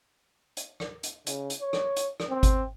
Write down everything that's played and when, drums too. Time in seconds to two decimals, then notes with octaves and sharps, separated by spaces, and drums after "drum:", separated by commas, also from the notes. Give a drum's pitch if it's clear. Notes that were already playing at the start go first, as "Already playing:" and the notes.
0.57 drum: hi-hat
0.80 drum: rim click
1.03 drum: hi-hat
1.27 C#3, drum: hi-hat
1.50 drum: hi-hat
1.61 C#5
1.73 drum: rim click
1.96 drum: hi-hat
2.20 drum: rim click
2.30 C4
2.43 drum: kick G#1, hi-hat